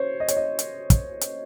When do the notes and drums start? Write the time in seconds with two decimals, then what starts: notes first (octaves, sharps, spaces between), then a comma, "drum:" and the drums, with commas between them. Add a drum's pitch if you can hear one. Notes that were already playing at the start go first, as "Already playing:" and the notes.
Already playing: C5 C#5
0.20 D#5
0.28 C#5, drum: hi-hat
0.37 D#5
0.59 drum: hi-hat
0.90 drum: kick, hi-hat
1.21 drum: hi-hat